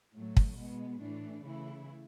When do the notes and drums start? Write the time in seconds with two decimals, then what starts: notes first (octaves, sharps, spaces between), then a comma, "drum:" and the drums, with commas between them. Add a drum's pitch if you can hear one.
0.15 A2 F#3 A3
0.37 drum: kick
0.58 B2 G#3 B3
1.01 A2 E3 A3 D4
1.45 C#3 E3 A3 E4